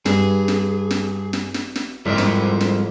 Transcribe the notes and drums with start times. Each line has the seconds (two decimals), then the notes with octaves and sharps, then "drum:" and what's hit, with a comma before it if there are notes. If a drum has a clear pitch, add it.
0.06 G2 G#4, drum: snare
0.48 drum: snare
0.91 drum: snare
1.33 drum: snare
1.54 drum: snare
1.76 drum: snare
2.06 F2 G#2 G3 E4 A#4
2.18 drum: snare
2.61 drum: snare